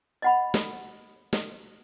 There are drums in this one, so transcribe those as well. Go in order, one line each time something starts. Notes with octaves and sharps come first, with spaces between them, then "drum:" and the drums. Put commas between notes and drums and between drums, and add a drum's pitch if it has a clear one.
D#5 F#5 B5
drum: snare
drum: snare